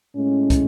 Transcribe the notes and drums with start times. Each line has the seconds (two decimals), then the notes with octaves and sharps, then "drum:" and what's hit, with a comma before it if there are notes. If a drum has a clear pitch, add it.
0.16 A2 G#3 C#4
0.50 drum: kick, hi-hat